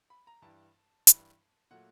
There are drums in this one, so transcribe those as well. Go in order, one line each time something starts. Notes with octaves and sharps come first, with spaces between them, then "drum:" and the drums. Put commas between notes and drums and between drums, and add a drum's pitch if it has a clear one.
B5
A#5
G2 E3 G3 A5
G2 E3 G3, drum: hi-hat
A#2 F#3 A3 F#5